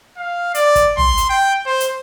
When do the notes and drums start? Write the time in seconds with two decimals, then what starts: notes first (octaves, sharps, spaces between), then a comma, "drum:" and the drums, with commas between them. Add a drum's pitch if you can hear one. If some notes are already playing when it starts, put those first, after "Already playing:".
0.17 F5
0.55 D5, drum: hi-hat
0.75 drum: kick, hi-hat
0.97 C6, drum: tom
1.17 drum: hi-hat
1.29 G5
1.66 C5
1.80 drum: hi-hat